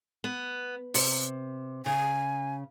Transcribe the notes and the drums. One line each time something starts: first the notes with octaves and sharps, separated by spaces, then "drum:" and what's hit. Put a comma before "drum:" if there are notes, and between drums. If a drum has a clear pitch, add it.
B3
C3, drum: open hi-hat
C#3 G#5